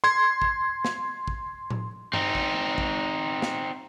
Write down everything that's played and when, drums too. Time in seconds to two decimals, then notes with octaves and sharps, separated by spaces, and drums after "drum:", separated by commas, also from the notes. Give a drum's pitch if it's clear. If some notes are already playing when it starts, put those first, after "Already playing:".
0.04 C6 G#6
0.42 drum: kick
0.85 drum: snare
1.28 drum: kick
1.70 drum: tom A2
2.13 C4 D#4, drum: tom G2
2.35 drum: kick
2.78 drum: kick
3.42 drum: snare